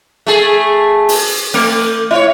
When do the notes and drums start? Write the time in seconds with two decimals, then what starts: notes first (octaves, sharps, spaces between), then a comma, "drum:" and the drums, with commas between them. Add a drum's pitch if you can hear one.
0.26 A3 G#4
1.09 drum: open hi-hat
1.54 A3
2.11 E4 C#5